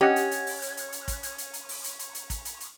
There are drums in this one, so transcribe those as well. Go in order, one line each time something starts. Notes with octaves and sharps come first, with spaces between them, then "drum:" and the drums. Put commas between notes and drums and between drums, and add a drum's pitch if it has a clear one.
C#4 G4 D#5 F#5
drum: hi-hat
drum: hi-hat
drum: open hi-hat
drum: hi-hat
drum: hi-hat
drum: hi-hat
drum: kick, hi-hat
drum: hi-hat
drum: hi-hat
drum: hi-hat
drum: open hi-hat
drum: hi-hat
drum: hi-hat
drum: hi-hat
drum: kick, hi-hat
drum: hi-hat
drum: hi-hat